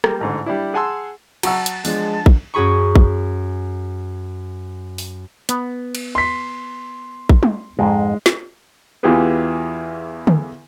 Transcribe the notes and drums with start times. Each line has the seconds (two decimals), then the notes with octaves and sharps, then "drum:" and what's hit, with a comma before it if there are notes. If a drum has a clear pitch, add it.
0.04 G3 A#3, drum: rim click
0.21 A1 G#2 D3
0.46 G3 D4 E4
0.74 G#4 F#5 G#5 A5 C6 E6
1.43 F#3 F#5 A5 A#5 C#6 E6, drum: cymbal
1.66 drum: hi-hat
1.85 F3 G#3 D4, drum: open hi-hat
2.26 drum: kick
2.54 F#2 F#4 G#4 B5 C#6
2.95 drum: kick
4.98 drum: open hi-hat
5.49 B3, drum: hi-hat
5.95 drum: cymbal
6.15 C6 B6
7.29 drum: kick
7.43 drum: tom
7.79 F2 G#2 G#3
8.26 drum: snare
9.03 E2 E3 F4 G4 G#4 B4
10.27 drum: tom D3